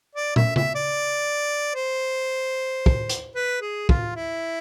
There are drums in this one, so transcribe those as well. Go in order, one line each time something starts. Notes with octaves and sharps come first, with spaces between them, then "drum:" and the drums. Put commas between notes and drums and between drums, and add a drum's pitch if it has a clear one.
D5
E5, drum: tom
E5, drum: tom C#3
D5
C5
drum: kick
drum: hi-hat
B4
G#4
F4, drum: kick
E4